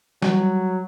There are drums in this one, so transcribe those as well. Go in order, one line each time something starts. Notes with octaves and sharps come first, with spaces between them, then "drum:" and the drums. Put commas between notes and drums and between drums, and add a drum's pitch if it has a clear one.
F#3 G3, drum: snare